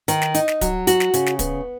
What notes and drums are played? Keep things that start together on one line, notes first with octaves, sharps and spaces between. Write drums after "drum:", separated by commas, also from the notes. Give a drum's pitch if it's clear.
D#3, drum: hi-hat
drum: snare
D#4, drum: hi-hat
drum: snare
F#3, drum: kick, hi-hat
F#4, drum: hi-hat
drum: snare
C#3, drum: hi-hat
drum: snare
B3, drum: kick, hi-hat